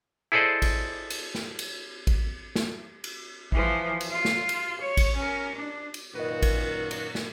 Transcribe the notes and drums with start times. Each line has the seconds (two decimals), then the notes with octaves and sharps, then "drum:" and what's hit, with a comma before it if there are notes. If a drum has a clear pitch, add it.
0.32 E4 G#4 A4 C5 D5 D#5
0.62 drum: kick A1, cymbal
1.10 drum: cymbal
1.35 drum: snare
1.59 drum: cymbal
2.07 drum: kick A1, cymbal
2.55 drum: snare
3.04 drum: cymbal
3.52 E3 F3, drum: kick A1
4.01 drum: cymbal
4.10 F4
4.25 drum: snare
4.49 drum: cymbal
4.81 C#5
4.97 drum: kick A1, cymbal
5.16 C#4 A#4
5.54 D4
5.94 drum: cymbal
6.15 F#2 A#2 D#3 F#4 B4 D#5
6.42 drum: kick A1, cymbal
6.91 drum: cymbal
7.15 drum: snare